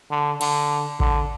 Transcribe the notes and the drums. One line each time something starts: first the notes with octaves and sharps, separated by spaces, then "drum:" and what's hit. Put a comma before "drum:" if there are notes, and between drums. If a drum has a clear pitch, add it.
D3
D3, drum: cymbal
D3, drum: kick A1